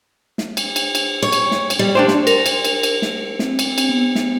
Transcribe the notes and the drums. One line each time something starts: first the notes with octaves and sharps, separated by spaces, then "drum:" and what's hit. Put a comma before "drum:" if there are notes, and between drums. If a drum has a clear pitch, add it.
drum: snare
drum: cymbal
drum: cymbal
drum: cymbal
C#5
drum: cymbal
drum: snare
drum: cymbal
G3
D4 G4 C5
drum: snare
A#4, drum: cymbal
drum: cymbal
drum: cymbal
drum: cymbal
drum: snare
C4, drum: snare
drum: cymbal
drum: cymbal
B3
drum: snare